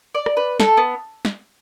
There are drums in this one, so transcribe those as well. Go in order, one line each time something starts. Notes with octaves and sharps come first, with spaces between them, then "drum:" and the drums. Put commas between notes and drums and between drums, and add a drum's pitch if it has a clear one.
D5
drum: rim click
B4
A4, drum: snare
B3
drum: snare